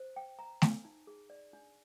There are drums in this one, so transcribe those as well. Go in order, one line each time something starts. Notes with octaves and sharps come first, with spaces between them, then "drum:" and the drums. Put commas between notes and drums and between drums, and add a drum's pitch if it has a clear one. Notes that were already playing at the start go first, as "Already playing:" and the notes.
Already playing: C5
G5
A#5
G#5, drum: snare A3
D#4
G#4
D5
D4